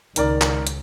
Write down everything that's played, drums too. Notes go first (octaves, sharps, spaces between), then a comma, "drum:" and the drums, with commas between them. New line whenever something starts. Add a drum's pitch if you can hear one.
C#2 D#3 A#4 D5, drum: hi-hat
drum: clap
drum: hi-hat